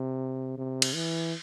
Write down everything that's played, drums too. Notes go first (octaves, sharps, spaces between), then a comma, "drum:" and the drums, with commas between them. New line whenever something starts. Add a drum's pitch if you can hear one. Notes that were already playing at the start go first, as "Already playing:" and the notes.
Already playing: C3
C3
drum: cymbal
E3